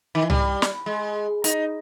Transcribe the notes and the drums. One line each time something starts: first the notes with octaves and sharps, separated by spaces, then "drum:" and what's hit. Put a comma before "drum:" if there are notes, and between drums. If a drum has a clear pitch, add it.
D#3
E3
G3, drum: tom C2
drum: snare
G#3
D#4, drum: hi-hat